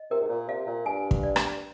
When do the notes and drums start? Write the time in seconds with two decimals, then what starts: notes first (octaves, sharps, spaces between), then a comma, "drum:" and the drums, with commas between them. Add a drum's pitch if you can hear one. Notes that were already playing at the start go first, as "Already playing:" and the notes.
Already playing: D#5
0.11 C3 A#4
0.21 G#2
0.29 A#2
0.49 C3 F5
0.67 A#2
0.86 G2 G#5
1.11 drum: kick
1.23 D5
1.36 drum: rim click